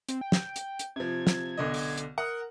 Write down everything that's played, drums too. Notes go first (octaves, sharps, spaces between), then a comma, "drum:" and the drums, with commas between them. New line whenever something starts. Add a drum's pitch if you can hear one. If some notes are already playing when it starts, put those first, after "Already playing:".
C4, drum: hi-hat
G5
drum: snare
drum: hi-hat
drum: hi-hat
C3 F3 G#6
drum: snare
B1 D3 D#5
drum: open hi-hat
drum: hi-hat
A#4 F#5 D#6